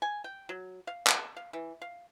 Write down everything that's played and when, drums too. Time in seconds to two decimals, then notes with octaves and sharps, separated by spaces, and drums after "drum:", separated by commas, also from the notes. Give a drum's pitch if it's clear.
0.02 G#5
0.24 G5
0.49 F#3
0.87 F5
1.07 A5, drum: clap
1.37 F5
1.53 E3
1.82 F5